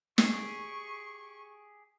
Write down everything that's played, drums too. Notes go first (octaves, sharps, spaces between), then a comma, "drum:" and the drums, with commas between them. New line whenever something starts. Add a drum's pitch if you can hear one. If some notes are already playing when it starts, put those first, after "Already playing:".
G4 G#4 C#6, drum: snare